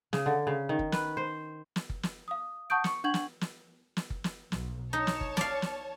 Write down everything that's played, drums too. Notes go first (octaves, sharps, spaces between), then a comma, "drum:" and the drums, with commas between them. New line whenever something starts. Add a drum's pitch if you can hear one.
C#3, drum: snare
D3
C#3
D#3
drum: kick
B4, drum: snare
C5
drum: snare
drum: kick
drum: snare
F5 D#6
F#5 A5 C#6 D#6 G6 D7
C#6 C#7, drum: snare
D4 F#5 C#6 G#6 F#7
drum: snare
drum: snare
drum: snare
drum: kick
drum: snare
B1, drum: snare
D#4 C#5 A5
drum: snare
drum: kick
D5 F5, drum: snare
drum: snare